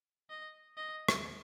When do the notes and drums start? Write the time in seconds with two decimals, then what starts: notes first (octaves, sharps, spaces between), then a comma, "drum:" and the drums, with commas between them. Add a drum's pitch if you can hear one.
0.30 D#5
0.77 D#5
1.08 drum: rim click